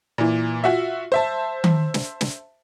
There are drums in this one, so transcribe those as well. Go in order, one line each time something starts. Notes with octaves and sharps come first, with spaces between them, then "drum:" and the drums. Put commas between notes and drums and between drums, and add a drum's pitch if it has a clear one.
A#2 E3
F4 F#4 E5
C5 E5 A5
drum: tom D#3
drum: snare
drum: snare